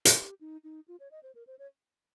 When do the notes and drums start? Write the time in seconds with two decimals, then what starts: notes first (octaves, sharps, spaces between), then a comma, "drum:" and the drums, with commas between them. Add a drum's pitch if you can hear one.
0.05 drum: hi-hat
0.17 G4
0.41 D#4
0.64 D#4
0.88 F4
1.00 C#5
1.11 D#5
1.23 C5
1.35 A#4
1.47 C5
1.59 C#5